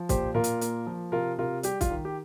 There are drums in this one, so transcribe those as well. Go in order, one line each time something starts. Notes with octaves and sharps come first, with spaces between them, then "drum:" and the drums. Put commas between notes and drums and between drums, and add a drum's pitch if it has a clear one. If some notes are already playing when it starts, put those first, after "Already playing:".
Already playing: F3
A#2 G4 C5, drum: kick, hi-hat
A#2 F4 A#4
drum: hi-hat
A#3, drum: hi-hat
F3
C3 F4 A#4
C3 F4 A#4
G3 G4, drum: hi-hat
F4, drum: kick, hi-hat
D#3
G4